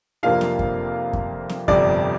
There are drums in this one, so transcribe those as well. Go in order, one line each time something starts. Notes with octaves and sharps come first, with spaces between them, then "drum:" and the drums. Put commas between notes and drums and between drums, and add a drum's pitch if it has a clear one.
F2 C3 A#3 D4 F4 F5
drum: snare
drum: kick F#2
drum: kick F#2
drum: snare
G1 F2 C3 D5, drum: kick F#2